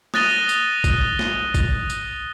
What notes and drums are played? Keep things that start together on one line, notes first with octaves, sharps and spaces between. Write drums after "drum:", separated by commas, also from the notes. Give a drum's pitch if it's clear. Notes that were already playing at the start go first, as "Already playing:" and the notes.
D#6 F#6 A6 A#6 D#7 G7, drum: snare
drum: tambourine
drum: kick A1, tambourine
drum: snare
drum: kick A1, tambourine
drum: tambourine